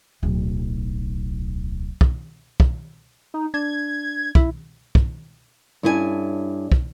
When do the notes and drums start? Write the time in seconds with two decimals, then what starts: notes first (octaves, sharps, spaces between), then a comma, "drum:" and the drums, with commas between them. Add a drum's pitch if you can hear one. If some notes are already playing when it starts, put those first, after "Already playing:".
0.23 D1 B1
2.01 drum: kick
2.60 drum: kick
3.34 D#4
3.54 D4 G#6
4.35 E4, drum: kick
4.95 drum: kick
5.83 G2 C#4 E4 A4 B4 G#5
6.72 drum: kick